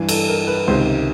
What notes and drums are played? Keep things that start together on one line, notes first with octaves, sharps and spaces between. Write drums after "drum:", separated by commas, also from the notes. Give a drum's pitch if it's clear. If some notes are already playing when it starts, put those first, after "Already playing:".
Already playing: G2 E3
A4, drum: cymbal
A#4
B4
C#2 C3 D#3 C5